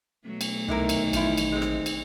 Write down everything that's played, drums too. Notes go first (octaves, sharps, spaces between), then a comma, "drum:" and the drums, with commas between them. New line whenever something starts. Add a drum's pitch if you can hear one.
B2 F#3 A3
drum: cymbal
C2 C3 D#3 E4 A#4
drum: cymbal
A1 F3 E4, drum: cymbal
drum: cymbal
G#3 C4
drum: rim click
drum: cymbal